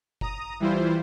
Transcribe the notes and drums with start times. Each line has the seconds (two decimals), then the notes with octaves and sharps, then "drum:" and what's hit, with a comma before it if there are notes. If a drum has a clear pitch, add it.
0.21 A#5 D#6, drum: kick F#1
0.60 E3 G3 E4 F4 C5